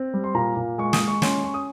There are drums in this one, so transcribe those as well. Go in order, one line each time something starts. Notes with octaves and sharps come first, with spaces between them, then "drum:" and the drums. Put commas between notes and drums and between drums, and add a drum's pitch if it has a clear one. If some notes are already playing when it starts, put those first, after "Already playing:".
Already playing: C4
G3
C6
A#2 A#5
A#2
G#3 C#6
D#6, drum: snare
G#3
C#6
C#4 C6, drum: snare
C#4 C#6
D#6